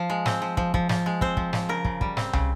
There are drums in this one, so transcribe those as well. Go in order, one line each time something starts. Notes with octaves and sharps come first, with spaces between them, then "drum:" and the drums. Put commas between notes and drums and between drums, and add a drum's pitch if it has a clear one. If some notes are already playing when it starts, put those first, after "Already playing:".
Already playing: F3 F5
G#3
C4, drum: snare
F3
F3, drum: kick
F3, drum: kick
F3, drum: snare
G#3
C4 C5, drum: kick
F3, drum: kick
F3, drum: snare
C#3 A#4
C#3, drum: kick
G3, drum: kick
C4, drum: snare
C#3, drum: tom